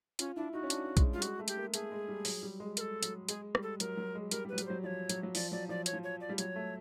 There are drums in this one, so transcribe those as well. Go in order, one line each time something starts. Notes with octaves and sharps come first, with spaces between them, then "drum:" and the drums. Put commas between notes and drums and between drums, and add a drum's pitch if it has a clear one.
C#4 F4, drum: hi-hat
D4 E4
D#4 F#4
C#4
D4, drum: hi-hat
G#3, drum: kick, hi-hat
G3 F4
G#3 F#4, drum: hi-hat
A3
G4, drum: hi-hat
A#3
A3 G#4, drum: hi-hat
G#3
G3
F#3, drum: open hi-hat
G3
G#3
A#4, drum: hi-hat
A4
F#3, drum: hi-hat
G#3 G#4, drum: hi-hat
G3, drum: rim click
A4
F#3 A#4, drum: hi-hat
F#3
G#3
G3 A#4, drum: hi-hat
G3
F#3 B4
G3, drum: hi-hat
F#3 C5
F3 C#5 D5
F#3, drum: hi-hat
F#3
F3 D5, drum: open hi-hat
F#3 D5
F3 D5
C#5, drum: hi-hat
F3
C#5
D5
G3
F#3 C#5, drum: hi-hat
A3